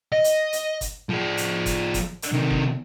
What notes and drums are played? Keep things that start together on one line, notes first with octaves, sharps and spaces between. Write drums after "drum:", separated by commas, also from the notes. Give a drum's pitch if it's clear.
D#5
drum: hi-hat
drum: hi-hat
drum: kick, hi-hat
F3 G#4
drum: hi-hat
drum: kick, hi-hat
drum: kick, hi-hat
drum: hi-hat
C3 D#3
drum: kick